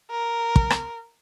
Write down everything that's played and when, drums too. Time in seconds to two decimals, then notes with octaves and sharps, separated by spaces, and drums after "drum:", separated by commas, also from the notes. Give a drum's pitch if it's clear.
0.11 A#4
0.56 drum: kick
0.70 drum: rim click